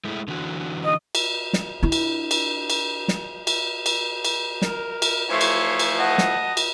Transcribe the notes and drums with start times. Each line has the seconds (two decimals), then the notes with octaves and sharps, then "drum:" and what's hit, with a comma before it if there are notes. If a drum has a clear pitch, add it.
0.04 G#3 A3 E4
0.28 D3 E3 F#4
0.84 D#5
1.15 drum: cymbal
1.53 drum: snare
1.83 D4 E4
1.92 drum: cymbal
2.31 drum: cymbal
2.70 drum: cymbal
3.08 drum: snare
3.47 drum: cymbal
3.86 drum: cymbal
4.25 drum: cymbal
4.62 A#4, drum: snare
5.02 drum: cymbal
5.30 E3 F3 A3 C#5 C6
5.41 drum: cymbal
5.79 drum: cymbal
5.99 D#5 F#5 A5
6.18 drum: snare
6.57 drum: cymbal